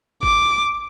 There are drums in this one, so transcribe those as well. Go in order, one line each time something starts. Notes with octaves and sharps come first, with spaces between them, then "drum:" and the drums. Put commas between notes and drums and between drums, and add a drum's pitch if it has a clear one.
D6, drum: kick G#1